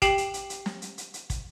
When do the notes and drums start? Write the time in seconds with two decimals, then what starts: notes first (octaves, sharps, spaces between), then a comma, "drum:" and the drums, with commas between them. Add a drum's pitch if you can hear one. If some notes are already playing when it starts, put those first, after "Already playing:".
0.02 G4 G5 C7 E7 F#7, drum: kick, hi-hat
0.18 drum: hi-hat
0.34 drum: hi-hat
0.50 drum: hi-hat
0.66 drum: snare
0.82 drum: hi-hat
0.98 drum: hi-hat
1.14 drum: hi-hat
1.30 drum: kick, hi-hat